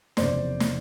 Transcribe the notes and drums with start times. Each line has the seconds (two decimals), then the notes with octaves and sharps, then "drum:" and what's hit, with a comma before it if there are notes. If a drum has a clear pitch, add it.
0.17 F1 E2 C#3 C5 D5, drum: snare
0.60 drum: snare